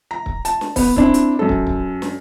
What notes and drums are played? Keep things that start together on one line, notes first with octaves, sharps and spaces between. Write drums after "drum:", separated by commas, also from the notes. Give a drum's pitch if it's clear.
A#5
drum: kick
A5, drum: hi-hat
drum: snare
B3, drum: kick, open hi-hat
C4 D4 E4, drum: kick
drum: hi-hat
F#2 A4
drum: kick
drum: kick
drum: snare